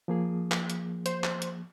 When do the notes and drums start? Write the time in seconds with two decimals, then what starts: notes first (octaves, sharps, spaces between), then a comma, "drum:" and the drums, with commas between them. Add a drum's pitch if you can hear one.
0.08 F3 A#3 G#4
0.52 drum: clap
0.70 drum: hi-hat
1.06 C5, drum: hi-hat
1.24 drum: clap
1.42 drum: hi-hat